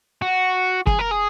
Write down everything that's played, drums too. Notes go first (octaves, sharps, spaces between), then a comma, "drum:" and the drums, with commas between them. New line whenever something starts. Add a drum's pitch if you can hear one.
F#4
G#4, drum: kick
A#4
G#4